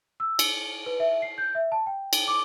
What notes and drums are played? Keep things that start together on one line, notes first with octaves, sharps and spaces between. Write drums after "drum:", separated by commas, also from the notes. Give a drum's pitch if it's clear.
E6
C#7, drum: cymbal
B4
E5
C7
G6
E5
A5
G5
drum: cymbal
D6